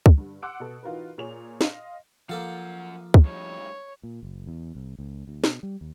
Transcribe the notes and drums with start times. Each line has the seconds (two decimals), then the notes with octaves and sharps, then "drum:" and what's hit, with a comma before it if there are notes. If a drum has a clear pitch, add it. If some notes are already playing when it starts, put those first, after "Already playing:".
0.06 drum: kick
0.18 G2 D3
0.42 F#5 C6 D6 E6 F#6 D7
0.60 B2 A4
0.83 E3 D#4 F4 F#4 A#4 B4
1.18 A#2 G#4 C#5 F7
1.61 D#5 F5 C6, drum: snare
2.29 F#2 F3 A#3 A4 F5 F#5
3.14 drum: kick
3.25 A2 G3 C#5
4.03 A#2
4.23 F#1
4.47 E2
4.75 C2
4.99 C#2
5.28 D2
5.44 B2, drum: snare
5.63 G3
5.81 D#2